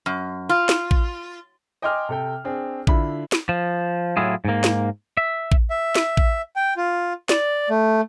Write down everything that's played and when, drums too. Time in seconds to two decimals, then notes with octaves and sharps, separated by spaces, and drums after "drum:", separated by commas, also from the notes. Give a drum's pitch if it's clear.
0.06 F#2
0.49 F4
0.69 drum: snare
0.91 drum: kick A1
1.82 D#5 G5 G#5 C6 D6 F6
2.09 C3 A4 G5
2.44 C4 D4 G#4
2.87 D3 E4 F4 B5, drum: kick A1
3.32 drum: snare
3.49 F3
4.17 A2 F#3 E4 F4 G#4
4.45 G#2 A#3
4.64 drum: snare
5.17 E5
5.52 drum: kick A1
5.70 E5
5.95 drum: snare
6.17 drum: kick A1
6.56 G5
6.77 F4
7.29 D5, drum: snare
7.70 A3